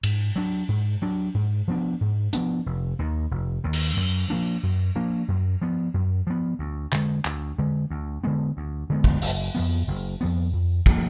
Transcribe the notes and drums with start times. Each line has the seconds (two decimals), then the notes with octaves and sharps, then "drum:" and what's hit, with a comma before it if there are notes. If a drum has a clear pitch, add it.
0.03 G#2, drum: cymbal
0.36 F#3 D4
0.69 G#2
1.02 F#3 D4
1.34 G#2
1.68 F3 B3 D4
2.01 G#2
2.33 F3 B3 D4, drum: hi-hat
2.66 F1
2.99 D#2 D#3
3.31 F1
3.64 D#2 D#3
3.73 drum: cymbal
3.97 F#2
4.30 F3 A#3 D4
4.63 F#2
4.95 F3 A#3 D4
5.28 F#2
5.62 F3 B3
5.94 F#2
6.27 F3 B3
6.59 D2
6.92 D3 G#3, drum: clap
7.25 D2, drum: clap
7.59 D3 G#3
7.90 D2
8.24 D3 G#3 B3
8.57 D2
8.90 D3 G#3 B3
9.04 drum: kick
9.22 F#1, drum: open hi-hat
9.55 F2 F3 B3
9.88 F#1
10.21 F2 F3 B3
10.53 F2
10.86 F3 A#3, drum: kick